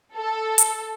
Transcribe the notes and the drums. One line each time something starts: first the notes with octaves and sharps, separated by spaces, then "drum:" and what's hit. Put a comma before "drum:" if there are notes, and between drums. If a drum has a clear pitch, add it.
A4
drum: hi-hat